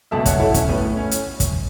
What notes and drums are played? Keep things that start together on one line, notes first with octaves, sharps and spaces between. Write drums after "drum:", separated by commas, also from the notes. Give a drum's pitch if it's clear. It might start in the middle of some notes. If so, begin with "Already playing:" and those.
C#2 B2 A3 E5 A5
C#5 F#5, drum: kick, hi-hat
E4 A4
C#4, drum: kick, hi-hat
A2 A3 B3
C#4
drum: hi-hat
drum: kick, hi-hat